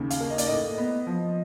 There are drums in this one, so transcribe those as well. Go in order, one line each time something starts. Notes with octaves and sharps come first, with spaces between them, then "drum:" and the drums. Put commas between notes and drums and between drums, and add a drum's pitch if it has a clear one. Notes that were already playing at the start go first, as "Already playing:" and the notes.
Already playing: D#2 C#3
F5, drum: hi-hat
A#3
D#5
D5, drum: hi-hat
A2 D#5
B3
F3